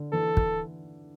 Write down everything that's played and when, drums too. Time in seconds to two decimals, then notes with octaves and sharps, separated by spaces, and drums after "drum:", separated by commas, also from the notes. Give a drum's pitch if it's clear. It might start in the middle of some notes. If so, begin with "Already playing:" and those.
Already playing: D3
0.12 E3 A4
0.37 drum: kick